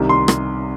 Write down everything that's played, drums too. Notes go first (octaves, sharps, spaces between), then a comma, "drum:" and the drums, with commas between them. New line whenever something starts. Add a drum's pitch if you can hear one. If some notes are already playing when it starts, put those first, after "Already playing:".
Already playing: C2 C3 D#3
C6
drum: rim click